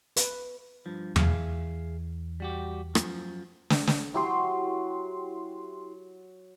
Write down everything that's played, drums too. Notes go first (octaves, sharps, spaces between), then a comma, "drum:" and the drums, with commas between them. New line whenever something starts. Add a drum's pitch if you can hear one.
B4, drum: hi-hat
G2 F3
E2 G#4 E5 F5, drum: tom E2
G3 F#4 G4
F#2 F3, drum: rim click
drum: snare
drum: snare
F#3 E4 G4 C6